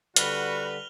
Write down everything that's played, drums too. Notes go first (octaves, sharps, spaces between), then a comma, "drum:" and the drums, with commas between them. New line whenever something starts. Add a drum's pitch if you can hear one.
D3 G3 F#4 B4 F6 F7 G7, drum: hi-hat